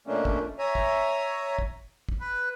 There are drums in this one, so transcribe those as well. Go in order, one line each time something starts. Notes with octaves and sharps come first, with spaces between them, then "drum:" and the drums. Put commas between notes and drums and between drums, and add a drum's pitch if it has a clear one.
B2 F3 A3 A#3 C#4 D4
drum: kick
C#5 E5 G#5 A#5
drum: kick
drum: kick
drum: kick
B4